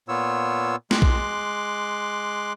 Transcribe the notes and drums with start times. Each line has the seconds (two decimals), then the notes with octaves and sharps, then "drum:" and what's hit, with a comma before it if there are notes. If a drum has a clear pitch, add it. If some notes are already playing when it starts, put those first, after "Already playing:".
0.08 A#2 B3 F4 C#5 E6
0.91 G#3 C6 D6 F#6, drum: snare
1.02 drum: kick